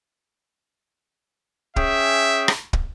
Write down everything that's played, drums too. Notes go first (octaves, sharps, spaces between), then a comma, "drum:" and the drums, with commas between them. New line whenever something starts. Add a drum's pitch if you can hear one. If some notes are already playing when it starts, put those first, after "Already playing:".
C#4 G#4 E5 G5, drum: kick
drum: rim click
drum: kick